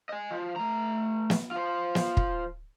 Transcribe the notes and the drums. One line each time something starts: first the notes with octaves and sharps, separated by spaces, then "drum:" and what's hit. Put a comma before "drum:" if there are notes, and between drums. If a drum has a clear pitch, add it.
D#5 G#5
F3
A3 A#5
drum: snare
F4 C5
drum: snare
drum: kick